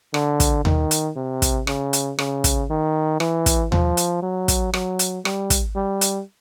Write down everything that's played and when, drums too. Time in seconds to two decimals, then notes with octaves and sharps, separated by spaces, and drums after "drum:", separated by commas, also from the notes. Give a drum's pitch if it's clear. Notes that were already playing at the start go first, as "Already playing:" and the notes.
0.14 D3, drum: rim click
0.40 drum: kick, hi-hat
0.65 D#3, drum: tom D#2
0.91 drum: hi-hat
1.16 C3
1.42 drum: kick, hi-hat
1.67 C#3, drum: rim click
1.93 drum: hi-hat
2.19 C#3, drum: rim click
2.44 drum: kick, hi-hat
2.70 D#3
3.20 E3, drum: rim click
3.46 drum: kick, hi-hat
3.72 F3, drum: tom D#2
3.97 drum: hi-hat
4.22 F#3
4.48 drum: kick, hi-hat
4.74 F#3, drum: rim click
4.99 drum: hi-hat
5.25 G3, drum: rim click
5.50 drum: kick, hi-hat
5.76 G3
6.01 drum: hi-hat